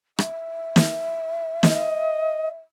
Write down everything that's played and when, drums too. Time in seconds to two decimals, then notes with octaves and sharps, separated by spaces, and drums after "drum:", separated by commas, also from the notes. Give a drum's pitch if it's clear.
0.19 E5, drum: rim click
0.76 drum: snare
1.63 D#5, drum: snare